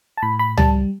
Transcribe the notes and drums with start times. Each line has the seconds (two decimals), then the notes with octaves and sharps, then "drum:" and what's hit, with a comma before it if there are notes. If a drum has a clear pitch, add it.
0.17 A5
0.23 A2 B5
0.39 B5
0.57 G3 A5, drum: tom C#2